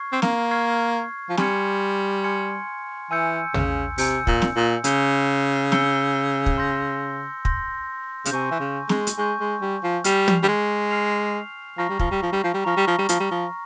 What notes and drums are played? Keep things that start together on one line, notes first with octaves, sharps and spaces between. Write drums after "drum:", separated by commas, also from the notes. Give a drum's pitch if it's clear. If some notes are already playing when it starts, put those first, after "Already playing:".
Already playing: C#6 F6 G#6 C7
C4
A#3, drum: snare
C#6 F6 G#6 C7
F3
G3 G#5 C6 F6 G#6 C#7, drum: snare
G#5 C6 F6 G#6 C#7
E3 G#5 E6 G6 C#7
C#3, drum: tom
C3 G#5 E6 G6 C#7, drum: open hi-hat
A#2, drum: kick
drum: snare
A#2
C#3 E6 G6 C#7 G7, drum: hi-hat
E6 G6 C#7 G7, drum: snare
drum: kick
C6 G6 A#6
C6 G6 A#6, drum: kick
C#3, drum: hi-hat
C3 G#5 C#6 G6
E3
C#3
G#3, drum: snare
drum: hi-hat
G#3 G#5 C#6 G6
G#3
G3
F3
G3 F6 C7 F7, drum: hi-hat
drum: tom
G3
G#3
F6 C7 F7
F3 A#5 C#6 F6 A#6
G3
F3, drum: kick
G3
F3
G3
F3
G3
F3 A#5 C#6 F6 A#6
G3
F3
G3
F3, drum: hi-hat
G3
F3